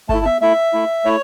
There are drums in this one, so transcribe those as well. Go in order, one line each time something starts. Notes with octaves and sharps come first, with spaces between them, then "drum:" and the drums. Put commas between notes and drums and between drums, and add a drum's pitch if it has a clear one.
A3 E4 A5, drum: kick G1
E5, drum: tom B3
A3 E4 E5
A3 E4
A3 E4 C#5